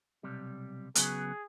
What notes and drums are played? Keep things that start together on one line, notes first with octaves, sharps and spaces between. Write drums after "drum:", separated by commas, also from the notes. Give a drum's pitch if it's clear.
B1 C3 G3
C#3 F#3 B3 G#4, drum: hi-hat